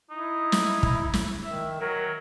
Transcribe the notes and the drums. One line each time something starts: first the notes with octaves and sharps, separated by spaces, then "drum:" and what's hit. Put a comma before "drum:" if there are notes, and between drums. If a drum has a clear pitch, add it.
D#4 E4
drum: snare
drum: kick
drum: snare
D#3 E5
F#3 A#4